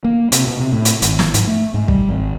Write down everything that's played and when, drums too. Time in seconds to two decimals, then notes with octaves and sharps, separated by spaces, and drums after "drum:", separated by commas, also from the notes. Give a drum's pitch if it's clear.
0.05 A#3
0.32 C3, drum: hi-hat
0.47 B2
0.60 C3
0.73 A2
0.85 drum: hi-hat
1.02 G#1, drum: hi-hat
1.19 drum: snare
1.34 G#2, drum: hi-hat
1.47 A3
1.74 G#2
1.88 G3, drum: kick
2.09 G#1